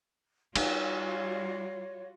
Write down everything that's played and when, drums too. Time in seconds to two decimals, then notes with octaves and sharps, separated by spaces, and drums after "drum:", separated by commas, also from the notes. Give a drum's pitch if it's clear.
0.56 G3 D#4 F4 F#4 C#5, drum: cymbal